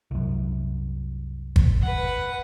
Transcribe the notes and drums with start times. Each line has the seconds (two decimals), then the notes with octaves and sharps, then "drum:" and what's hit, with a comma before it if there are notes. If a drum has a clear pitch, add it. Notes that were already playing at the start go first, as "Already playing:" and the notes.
0.11 C2 F#2
1.56 drum: kick
1.82 B4 F#5